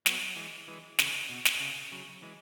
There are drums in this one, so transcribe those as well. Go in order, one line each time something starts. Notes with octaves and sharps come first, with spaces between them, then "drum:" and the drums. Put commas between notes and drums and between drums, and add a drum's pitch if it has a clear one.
F#3 B3, drum: snare
E3 G#3
E3 G#3
C#3, drum: snare
B2
drum: snare
C#3
C#3 F#3
E3 G#3